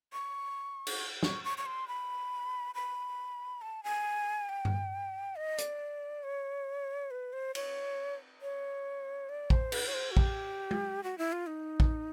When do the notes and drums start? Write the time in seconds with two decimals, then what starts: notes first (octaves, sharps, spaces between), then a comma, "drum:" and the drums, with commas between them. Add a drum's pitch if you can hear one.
0.13 C#6
0.87 drum: cymbal
1.23 C#6, drum: snare
1.44 C#6
1.58 C#6
1.66 C6
1.88 B5
2.75 B5
3.62 A5
3.84 G#5
4.49 G5
4.65 drum: tom G2
5.36 D#5
5.58 D5, drum: hi-hat
6.24 C#5
7.11 B4
7.33 C5
7.55 C#5, drum: cymbal
8.41 C#5
9.29 D5
9.50 C5, drum: kick
9.72 B4, drum: cymbal
9.88 C#5
9.94 C5
10.11 F#4
10.17 G4, drum: kick
10.71 drum: tom G#3
11.04 F#4
11.18 E4
11.32 F4
11.47 D#4
11.80 drum: kick